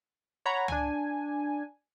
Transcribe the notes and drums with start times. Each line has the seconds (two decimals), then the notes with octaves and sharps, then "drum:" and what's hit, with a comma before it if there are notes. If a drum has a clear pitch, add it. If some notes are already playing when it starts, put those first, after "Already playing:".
0.46 C#5 F#5 A#5 B5
0.68 D4 G#5, drum: tom